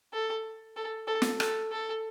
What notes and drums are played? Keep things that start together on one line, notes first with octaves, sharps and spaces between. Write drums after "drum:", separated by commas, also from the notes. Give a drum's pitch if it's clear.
A4
A4
A4
drum: snare
A4, drum: rim click
A4